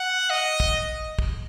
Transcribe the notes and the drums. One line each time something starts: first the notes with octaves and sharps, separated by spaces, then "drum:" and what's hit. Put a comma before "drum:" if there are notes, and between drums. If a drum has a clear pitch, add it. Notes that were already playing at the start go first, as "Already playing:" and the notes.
Already playing: F#5
D#5
drum: kick
drum: kick